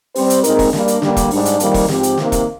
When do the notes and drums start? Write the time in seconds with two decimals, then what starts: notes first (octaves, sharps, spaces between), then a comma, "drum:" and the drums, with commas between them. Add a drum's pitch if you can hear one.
0.15 G3 C4 G4 C5, drum: open hi-hat
0.30 drum: hi-hat
0.44 A#2 G#3 C4 D#4 A#4, drum: hi-hat
0.59 drum: kick E1, open hi-hat
0.73 G3 A#3 D4, drum: snare
0.88 drum: hi-hat
1.02 D3 G3 A#3 D4, drum: snare
1.17 drum: kick E1, hi-hat
1.31 G#2 G3 D4, drum: open hi-hat
1.45 drum: hi-hat
1.60 F2 D#3 G3 A#3, drum: hi-hat
1.74 drum: kick E1, open hi-hat
1.88 G#2 F3 C4 G4, drum: snare
2.03 drum: hi-hat
2.18 C3 D#3 A#3, drum: snare
2.32 drum: kick E1, hi-hat